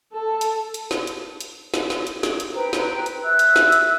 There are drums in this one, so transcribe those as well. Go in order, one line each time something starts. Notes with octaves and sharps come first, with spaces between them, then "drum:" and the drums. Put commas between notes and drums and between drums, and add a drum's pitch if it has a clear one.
A4
drum: hi-hat
drum: hi-hat
drum: snare
drum: hi-hat
drum: hi-hat
drum: snare
drum: snare
drum: hi-hat
drum: snare
drum: hi-hat
B4 C5 G5 A#5
drum: snare
drum: hi-hat
E5 E6 F#6
drum: hi-hat
drum: snare
drum: hi-hat